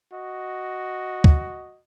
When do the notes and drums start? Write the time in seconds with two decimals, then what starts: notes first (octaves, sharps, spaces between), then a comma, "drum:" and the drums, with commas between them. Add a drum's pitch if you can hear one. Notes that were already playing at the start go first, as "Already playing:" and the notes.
0.12 F#4 D#5
1.24 drum: kick